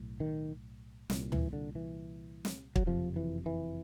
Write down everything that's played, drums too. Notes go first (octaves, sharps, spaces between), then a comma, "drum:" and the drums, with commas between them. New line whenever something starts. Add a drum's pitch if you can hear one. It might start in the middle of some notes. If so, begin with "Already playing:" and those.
Already playing: B1 A2
D#3
C2 A#2, drum: snare
E3, drum: tom
D3
E3
drum: snare
F#3, drum: kick
F#1 F2 C3 F3
E3
E3